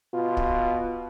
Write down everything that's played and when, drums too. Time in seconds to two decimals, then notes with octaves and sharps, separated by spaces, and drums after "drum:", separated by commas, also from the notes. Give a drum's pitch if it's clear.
0.14 B2 F4
0.37 drum: kick